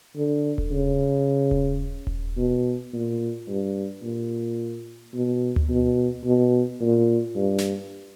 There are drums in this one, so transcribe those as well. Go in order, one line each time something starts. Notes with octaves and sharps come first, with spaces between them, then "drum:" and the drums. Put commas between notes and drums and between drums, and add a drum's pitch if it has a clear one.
D3
drum: kick D#1
C#3
drum: kick D#1
drum: kick D#1
B2
A#2
G2
A#2
B2
drum: tom D2
B2
B2
A#2
G2
drum: snare